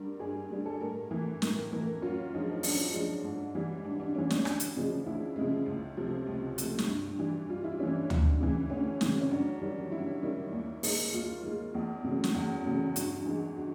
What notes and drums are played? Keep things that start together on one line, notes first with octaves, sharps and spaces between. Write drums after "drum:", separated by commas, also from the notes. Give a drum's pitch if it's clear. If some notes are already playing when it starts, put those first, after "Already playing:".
Already playing: G2 D3 G3 A#4
G2 G#4
D3 G3
A4
A2 A#4
E3 A3
A2 A#4, drum: snare
E3 A3 A#4
F#2 F4
D3 F3 G#3 D#4
D#4
F#2 D4, drum: open hi-hat
D3 F3 G#3
G#2
E3 G3
G#2 D4
D4
E3 G3 C#4
C#4, drum: snare
D2 D4, drum: rim click
drum: hi-hat
C#3 F3 G#3
D2 E4
C#3 F3 G#3
C#2
C3 F3 A3
C#2
C3 F3 A3, drum: hi-hat
drum: snare
G2
E3 G3
G2 F4
E4
E3 G3 C#4
D4
D2, drum: tom D2
C#3 E3
D2 C#4
C#3 E3, drum: snare
C#4
F#2 D4
D#3 G3
F#2 E4
D#3 G3
D#2
D#3 G#3, drum: open hi-hat
D#2 F4
D#3 G#3
E2
C#3 F#3 A3
drum: snare
E2
C#3 F#3 A3
G2 F#4, drum: hi-hat
E3 G#3
F#4